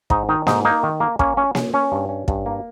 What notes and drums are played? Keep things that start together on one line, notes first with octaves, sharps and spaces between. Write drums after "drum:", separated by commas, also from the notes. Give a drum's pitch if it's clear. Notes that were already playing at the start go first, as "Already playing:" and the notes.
G#2 D#4, drum: kick
D#3 D#4
G#2 D#4, drum: snare A#3
A#3 D#4
D#3
A#3
A#3 C#4, drum: kick
C#4
C#4, drum: snare A#3
C#4
G2
C#4
G2, drum: kick
A#3